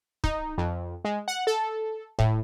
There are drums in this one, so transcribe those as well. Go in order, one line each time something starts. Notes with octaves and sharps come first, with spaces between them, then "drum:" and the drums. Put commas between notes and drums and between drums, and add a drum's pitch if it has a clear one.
D#4, drum: kick
F2
G#3
F#5
A4
A2, drum: kick